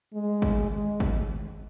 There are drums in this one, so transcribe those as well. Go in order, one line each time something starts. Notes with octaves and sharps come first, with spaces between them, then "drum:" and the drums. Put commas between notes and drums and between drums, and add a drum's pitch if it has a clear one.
G#3
drum: kick G#1
G#3
drum: kick G#1